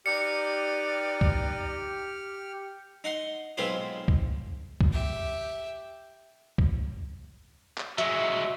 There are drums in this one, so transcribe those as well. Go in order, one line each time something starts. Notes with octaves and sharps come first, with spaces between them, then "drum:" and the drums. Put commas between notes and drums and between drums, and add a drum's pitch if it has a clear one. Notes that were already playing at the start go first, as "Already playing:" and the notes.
D#4 G4 B4 D5 F6 C#7
drum: kick C2
D#4 F#5 C6
B1 G#2 C4 F4 B4 C5
drum: kick C2
drum: kick C2
G4 E5
drum: kick C2
drum: clap
F#3 G#3 E5, drum: hi-hat